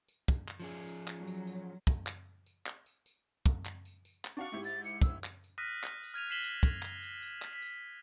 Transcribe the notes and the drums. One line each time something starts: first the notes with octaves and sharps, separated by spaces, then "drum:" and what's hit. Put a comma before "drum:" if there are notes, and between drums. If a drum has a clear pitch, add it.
drum: tambourine
drum: kick, tambourine
drum: clap
F3 C#4 G#4
drum: tambourine
drum: clap
F#3
drum: tambourine
drum: tambourine
drum: kick, tambourine
drum: clap
drum: tambourine
drum: clap
drum: tambourine
drum: tambourine
drum: kick, tambourine
drum: clap
drum: tambourine
drum: tambourine
drum: clap
D4 F#4 F5 C#6
G#2 E4 G4
A6, drum: tambourine
C#7, drum: tambourine
E6, drum: kick, tambourine
drum: clap
drum: tambourine
D#6 F6 F#6 A#6 B6 D#7
drum: clap
drum: tambourine
F6 G#6 D#7 F7
F6 B6 C7 E7 F#7 G7
drum: tambourine
drum: kick, tambourine
drum: clap
drum: tambourine
drum: tambourine
drum: clap
B6
drum: tambourine